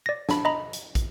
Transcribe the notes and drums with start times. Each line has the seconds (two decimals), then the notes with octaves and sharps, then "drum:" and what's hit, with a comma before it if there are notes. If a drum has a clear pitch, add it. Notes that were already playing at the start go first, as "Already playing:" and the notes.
0.06 D5 A#6
0.29 D4 B5, drum: snare
0.45 D#5 A#5 B5
0.73 drum: hi-hat
0.95 drum: kick, hi-hat